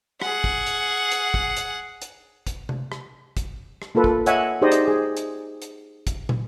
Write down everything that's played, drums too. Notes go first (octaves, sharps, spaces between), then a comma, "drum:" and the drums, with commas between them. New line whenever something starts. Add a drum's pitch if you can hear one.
G#4 F#5, drum: rim click
drum: kick
drum: hi-hat
drum: hi-hat
drum: kick
drum: hi-hat
drum: hi-hat
drum: kick, hi-hat
drum: tom C3
drum: rim click
drum: kick, hi-hat
drum: rim click
A#3 F4 A4 B4
drum: kick
C#5 D#5 E5 F#5 G#5, drum: hi-hat
D#4 G4 G#4 C5 D5 D#5
drum: hi-hat
G#4
drum: hi-hat
drum: hi-hat
drum: kick, hi-hat
drum: tom